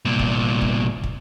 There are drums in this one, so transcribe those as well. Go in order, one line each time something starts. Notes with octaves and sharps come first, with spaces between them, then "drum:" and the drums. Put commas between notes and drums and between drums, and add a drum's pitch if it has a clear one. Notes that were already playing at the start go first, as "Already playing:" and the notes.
C2 A#2
drum: kick
drum: kick
drum: kick